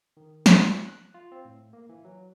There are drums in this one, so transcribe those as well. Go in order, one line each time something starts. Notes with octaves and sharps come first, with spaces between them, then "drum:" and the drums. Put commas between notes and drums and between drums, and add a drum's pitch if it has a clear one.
D#3
drum: snare
F3
F#6
F4
C4
A2
A#3
E3
F#3